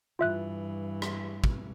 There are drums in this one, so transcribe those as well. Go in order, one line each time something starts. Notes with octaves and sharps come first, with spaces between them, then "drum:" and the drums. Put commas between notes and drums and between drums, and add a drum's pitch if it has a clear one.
G2 E3 F4 E5 F#6
drum: rim click
drum: kick